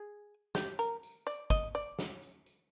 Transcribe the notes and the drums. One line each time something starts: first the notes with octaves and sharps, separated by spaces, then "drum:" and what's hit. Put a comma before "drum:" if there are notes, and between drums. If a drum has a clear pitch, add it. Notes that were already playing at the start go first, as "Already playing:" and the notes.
Already playing: G#4
G4, drum: snare
A#4, drum: tambourine
drum: tambourine
D5, drum: tambourine
D#5, drum: kick, tambourine
D5, drum: tambourine
drum: snare
drum: tambourine
drum: tambourine